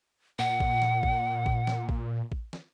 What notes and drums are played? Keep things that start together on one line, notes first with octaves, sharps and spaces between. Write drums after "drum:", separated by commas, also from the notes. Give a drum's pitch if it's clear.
A#2 F#5
drum: kick A1
drum: snare
drum: kick A1
drum: kick A1
drum: snare
drum: kick A1
drum: kick A1
drum: snare